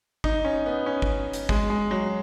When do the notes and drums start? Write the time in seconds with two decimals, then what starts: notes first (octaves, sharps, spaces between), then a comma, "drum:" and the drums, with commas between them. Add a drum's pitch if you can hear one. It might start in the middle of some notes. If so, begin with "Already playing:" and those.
0.24 D#4, drum: kick
0.45 C#4
0.66 B3
0.86 C#4
1.02 drum: kick
1.33 drum: hi-hat
1.49 G#3, drum: kick
1.70 G#3
1.91 F#3